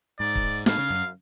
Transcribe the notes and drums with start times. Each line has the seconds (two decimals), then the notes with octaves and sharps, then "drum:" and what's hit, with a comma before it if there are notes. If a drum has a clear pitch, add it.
0.19 G#2 D5
0.36 drum: kick
0.66 A2 F5, drum: snare
0.78 C#3
0.90 F#2